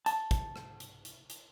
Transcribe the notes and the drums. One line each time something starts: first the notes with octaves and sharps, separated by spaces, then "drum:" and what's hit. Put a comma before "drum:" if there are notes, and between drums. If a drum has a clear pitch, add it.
A5, drum: hi-hat
drum: kick, hi-hat
drum: rim click
drum: hi-hat
drum: hi-hat
drum: hi-hat